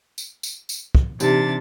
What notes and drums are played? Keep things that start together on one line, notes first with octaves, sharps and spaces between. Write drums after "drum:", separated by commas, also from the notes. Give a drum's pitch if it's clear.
drum: tambourine
drum: tambourine
drum: tambourine
drum: kick
C3 E3 D4 D#4 G4 A6, drum: tambourine